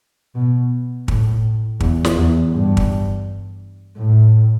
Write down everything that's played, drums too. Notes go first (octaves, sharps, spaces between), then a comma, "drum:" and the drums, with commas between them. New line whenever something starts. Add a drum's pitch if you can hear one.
B2
A2, drum: kick
E2, drum: kick
drum: snare
E2
G2
drum: kick
A2